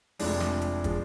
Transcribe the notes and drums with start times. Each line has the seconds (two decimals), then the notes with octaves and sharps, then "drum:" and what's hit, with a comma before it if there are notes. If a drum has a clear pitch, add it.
0.19 F1 F2 F3 G#3 D4, drum: open hi-hat
0.40 drum: snare
0.62 drum: hi-hat
0.84 F3 G#3, drum: kick, hi-hat